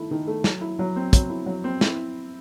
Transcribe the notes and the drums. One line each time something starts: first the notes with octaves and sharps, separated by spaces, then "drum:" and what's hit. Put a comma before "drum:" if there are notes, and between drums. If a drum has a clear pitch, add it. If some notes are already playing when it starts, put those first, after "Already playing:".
Already playing: D#3 A3 E4
D#3
A3
F#3, drum: snare
E4
F#3
C4
F#3, drum: kick, hi-hat
E4
F#3
C4
E4, drum: snare